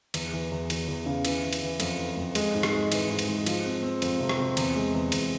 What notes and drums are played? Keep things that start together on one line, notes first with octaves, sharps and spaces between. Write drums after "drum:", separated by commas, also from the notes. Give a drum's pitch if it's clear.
E2, drum: cymbal
E3
E2
E3, drum: cymbal
E2
C#3
E3, drum: cymbal
E3
drum: cymbal
E3
F2, drum: cymbal
E3
F2
G#3, drum: cymbal
G#2
drum: rim click
G#3
E3, drum: cymbal
G#2
drum: cymbal
G#3
F3, drum: cymbal
C4
C4
F2, drum: cymbal
C3
drum: rim click
C4
E2, drum: cymbal
G#3
E2
E2, drum: cymbal